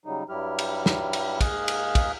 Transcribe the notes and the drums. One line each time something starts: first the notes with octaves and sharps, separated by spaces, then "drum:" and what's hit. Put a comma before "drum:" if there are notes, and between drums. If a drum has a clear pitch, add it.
C#3 F#3 G3 D#4
G2 F#3 G3 E4 G4 F6
drum: cymbal
drum: snare
drum: cymbal
G#2 A#3 G#4 D#5 F5 F#6, drum: kick, cymbal
drum: cymbal
drum: kick, cymbal